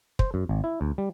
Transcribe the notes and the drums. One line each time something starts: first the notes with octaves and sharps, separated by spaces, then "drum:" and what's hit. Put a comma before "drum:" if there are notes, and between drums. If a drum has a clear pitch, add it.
C5, drum: kick
F#2
G#1
E4
D2
G3